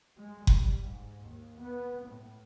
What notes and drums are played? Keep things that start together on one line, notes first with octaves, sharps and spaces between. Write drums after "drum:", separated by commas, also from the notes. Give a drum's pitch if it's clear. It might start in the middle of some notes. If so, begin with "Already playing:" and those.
G#3
G3, drum: kick F#1
G#2
D#2
B3
A2